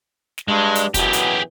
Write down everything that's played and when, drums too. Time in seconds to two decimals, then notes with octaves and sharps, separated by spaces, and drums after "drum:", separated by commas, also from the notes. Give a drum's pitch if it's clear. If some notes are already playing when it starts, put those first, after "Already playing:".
0.38 drum: snare
0.48 G2 G#3 D4
0.75 drum: hi-hat
0.94 F#2 B2 E3 G4 G#4, drum: kick, hi-hat
1.13 drum: hi-hat